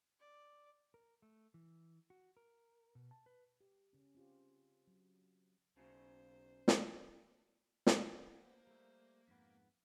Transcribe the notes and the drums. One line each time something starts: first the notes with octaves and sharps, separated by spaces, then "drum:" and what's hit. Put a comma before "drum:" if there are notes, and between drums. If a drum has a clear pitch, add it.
D5
A#4
A3
E3
F#4
A#4
B2
A5
B4
G4
C#3 C#4
C4 F4 G4
F#3
B1 C#3 F#3 C5
drum: snare
drum: snare
A#3 B3 C5
G3 A3
F2 G#2 B3